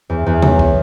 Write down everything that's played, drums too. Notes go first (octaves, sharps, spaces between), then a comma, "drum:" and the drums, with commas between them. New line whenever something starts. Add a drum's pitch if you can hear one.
E2
E2
F#3, drum: tom C3
drum: kick C2